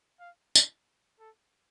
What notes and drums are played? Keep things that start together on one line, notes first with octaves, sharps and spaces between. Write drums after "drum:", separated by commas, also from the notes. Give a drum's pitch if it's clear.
F5
drum: tambourine
A4